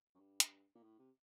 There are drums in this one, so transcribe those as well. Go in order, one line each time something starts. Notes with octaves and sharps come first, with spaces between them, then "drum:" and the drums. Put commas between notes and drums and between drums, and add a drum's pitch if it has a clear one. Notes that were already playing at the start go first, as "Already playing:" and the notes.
F#2
G2
drum: hi-hat
A#2
A2
C3